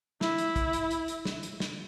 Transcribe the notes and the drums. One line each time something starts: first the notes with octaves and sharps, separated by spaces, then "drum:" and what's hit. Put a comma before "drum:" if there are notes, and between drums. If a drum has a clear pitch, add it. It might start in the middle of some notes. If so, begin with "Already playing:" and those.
E4, drum: snare
drum: hi-hat
drum: kick, hi-hat
drum: hi-hat
drum: hi-hat
drum: hi-hat
drum: snare
drum: hi-hat
drum: snare